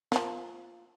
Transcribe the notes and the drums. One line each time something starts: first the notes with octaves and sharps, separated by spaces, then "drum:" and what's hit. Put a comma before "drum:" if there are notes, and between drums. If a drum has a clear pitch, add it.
F3 A#3, drum: snare